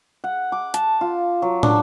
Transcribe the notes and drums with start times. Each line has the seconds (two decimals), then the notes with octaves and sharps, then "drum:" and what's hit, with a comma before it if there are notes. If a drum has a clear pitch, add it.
0.24 F#5
0.52 D6
0.74 A5, drum: hi-hat
1.01 F4
1.42 F#3
1.63 D4, drum: tom